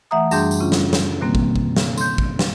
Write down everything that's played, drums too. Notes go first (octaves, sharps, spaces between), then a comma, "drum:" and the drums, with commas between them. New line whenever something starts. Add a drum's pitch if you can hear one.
E3 A3 E5 F#5 A#5 D#6
F#2 G3 D4 G#4 C6 G6, drum: tambourine
drum: tambourine
C#3 C#4 F4
drum: snare
drum: snare
B2 D#3 G3 A#3 C4
drum: kick
drum: kick
drum: snare
C6 G6, drum: tambourine
drum: kick
drum: snare